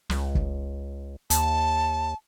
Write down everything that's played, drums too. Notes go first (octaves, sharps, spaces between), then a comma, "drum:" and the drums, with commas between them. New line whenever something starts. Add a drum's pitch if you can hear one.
C#2, drum: snare
drum: kick
D#2 A5, drum: hi-hat